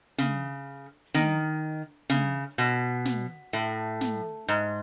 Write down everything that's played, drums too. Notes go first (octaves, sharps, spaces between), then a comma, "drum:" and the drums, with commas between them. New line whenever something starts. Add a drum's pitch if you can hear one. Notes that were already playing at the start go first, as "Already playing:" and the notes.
C#3, drum: snare
D#3, drum: snare
C#3, drum: snare
B2
drum: snare
A2
drum: snare
G#2